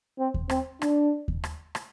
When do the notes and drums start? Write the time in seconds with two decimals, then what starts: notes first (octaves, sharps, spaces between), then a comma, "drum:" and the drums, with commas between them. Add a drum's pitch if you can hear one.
0.19 C4
0.34 drum: kick D#2
0.50 C4, drum: rim click
0.82 D4, drum: rim click
1.28 drum: kick D#2
1.44 drum: rim click
1.75 drum: rim click